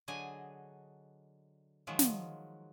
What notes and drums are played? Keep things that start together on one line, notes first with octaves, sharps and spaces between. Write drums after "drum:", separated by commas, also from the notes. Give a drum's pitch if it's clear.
D3 F#3 G#4 D#5 G#5
D#3 F3 F#3 G#3
drum: snare